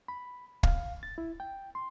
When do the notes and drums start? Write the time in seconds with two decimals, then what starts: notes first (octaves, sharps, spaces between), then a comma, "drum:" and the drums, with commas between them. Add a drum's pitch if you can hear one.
0.08 B5
0.63 F5, drum: kick
1.03 A6
1.18 E4
1.40 G5
1.75 C6